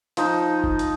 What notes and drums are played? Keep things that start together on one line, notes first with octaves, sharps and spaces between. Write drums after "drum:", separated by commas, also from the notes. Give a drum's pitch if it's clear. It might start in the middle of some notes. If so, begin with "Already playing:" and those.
F3 D#4, drum: hi-hat
drum: kick
drum: hi-hat